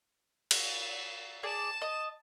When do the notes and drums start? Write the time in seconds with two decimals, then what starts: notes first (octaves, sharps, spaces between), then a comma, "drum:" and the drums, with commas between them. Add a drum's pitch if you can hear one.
0.51 drum: cymbal
1.43 G#4 D5 A5 E7
1.82 D#5